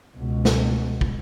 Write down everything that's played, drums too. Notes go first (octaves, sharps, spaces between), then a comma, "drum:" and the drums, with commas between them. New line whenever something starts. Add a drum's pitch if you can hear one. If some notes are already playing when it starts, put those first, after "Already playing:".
C#2 B2
drum: snare
drum: kick